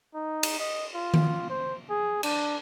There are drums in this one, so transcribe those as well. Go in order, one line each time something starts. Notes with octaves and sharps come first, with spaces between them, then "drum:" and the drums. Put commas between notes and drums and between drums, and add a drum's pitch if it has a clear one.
D#4
drum: cymbal
D#5
F4
drum: tom D#3
C5
G#4
D4, drum: cymbal